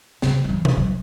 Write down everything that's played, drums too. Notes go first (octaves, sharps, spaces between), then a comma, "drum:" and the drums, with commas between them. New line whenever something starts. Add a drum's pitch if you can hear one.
C#3, drum: snare
F#3
E3
drum: tom B2
F#3